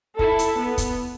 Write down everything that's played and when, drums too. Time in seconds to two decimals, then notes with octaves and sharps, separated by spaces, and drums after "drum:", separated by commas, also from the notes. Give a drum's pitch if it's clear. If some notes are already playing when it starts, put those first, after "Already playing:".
0.19 E4 A4, drum: kick
0.39 drum: hi-hat
0.58 B3
0.78 drum: kick, hi-hat